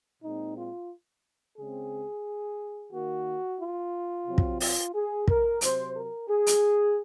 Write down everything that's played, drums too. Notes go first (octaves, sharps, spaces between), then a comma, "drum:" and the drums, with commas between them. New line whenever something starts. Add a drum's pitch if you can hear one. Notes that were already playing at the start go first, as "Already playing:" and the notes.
A#2 G#3 C4 D#4
F4
C#3 G#3 C4 G#4
D#3 A#3 F#4
F4
C3 F#3 C4
drum: kick
F4, drum: open hi-hat
G#4
A#4, drum: kick
C3 F#3 C4 C5, drum: hi-hat
A#4
G#4
drum: hi-hat